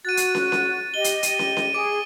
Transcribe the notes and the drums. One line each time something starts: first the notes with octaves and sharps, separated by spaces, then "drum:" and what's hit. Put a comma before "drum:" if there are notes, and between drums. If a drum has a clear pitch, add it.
F#4 F#6 A6 D#7
drum: hi-hat
drum: snare
drum: snare
G4 D#5 G7
drum: hi-hat
D#7, drum: hi-hat
drum: snare
drum: snare
G#4 D6 D7